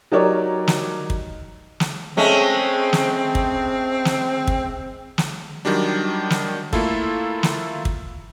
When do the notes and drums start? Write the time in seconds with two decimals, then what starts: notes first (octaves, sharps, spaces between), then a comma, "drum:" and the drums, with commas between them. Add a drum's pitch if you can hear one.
0.12 F#3 D#4 G4 A#4 C#5 D5
0.68 drum: snare
1.10 drum: kick
1.80 drum: snare
2.17 G#3 A3 C4 C#4
2.93 drum: snare
3.35 drum: kick
4.05 drum: snare
4.47 drum: kick
5.18 drum: snare
5.65 D#3 F#3 G3 D4
6.30 drum: snare
6.73 A3 A#3 E4 F4 A4, drum: kick
7.43 drum: snare
7.85 drum: kick